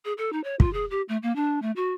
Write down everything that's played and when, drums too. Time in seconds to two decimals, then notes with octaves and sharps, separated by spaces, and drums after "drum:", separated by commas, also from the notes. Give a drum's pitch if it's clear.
0.05 G#4
0.18 A4
0.33 D#4
0.44 C#5
0.60 F4, drum: kick
0.73 G#4
0.91 G4
1.09 A3
1.23 A#3
1.36 D4
1.62 A3
1.76 F#4